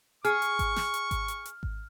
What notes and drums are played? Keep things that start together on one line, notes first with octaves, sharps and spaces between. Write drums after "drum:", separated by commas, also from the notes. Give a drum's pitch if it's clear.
G#4 C#6 F6, drum: hi-hat
drum: hi-hat
drum: kick G#1, hi-hat
drum: snare
drum: hi-hat
drum: kick G#1, hi-hat
drum: hi-hat
drum: hi-hat
drum: kick G#1